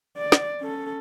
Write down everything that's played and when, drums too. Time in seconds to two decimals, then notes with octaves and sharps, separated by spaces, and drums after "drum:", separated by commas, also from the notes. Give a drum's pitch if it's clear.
0.17 D5
0.32 drum: snare
0.60 C#4 A4